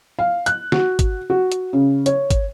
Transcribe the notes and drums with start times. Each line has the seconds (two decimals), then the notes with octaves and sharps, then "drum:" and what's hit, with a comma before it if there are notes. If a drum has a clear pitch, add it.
0.19 F5
0.46 F#6, drum: hi-hat
0.72 F#4, drum: snare
0.99 drum: kick, hi-hat
1.30 F#4
1.52 drum: hi-hat
1.73 C#3
2.06 C#5, drum: hi-hat
2.30 drum: kick, hi-hat